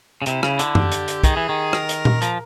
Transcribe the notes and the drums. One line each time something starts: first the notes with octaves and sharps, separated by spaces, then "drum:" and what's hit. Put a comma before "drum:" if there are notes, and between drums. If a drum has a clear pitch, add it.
C#3
C3 E4, drum: hi-hat
C#3, drum: rim click
D3, drum: hi-hat
G4, drum: tom F#2
drum: hi-hat
drum: hi-hat
D#3 G#4, drum: kick, hi-hat
E3
D#3
A#4, drum: rim click
drum: hi-hat
drum: tom A#2
F3, drum: hi-hat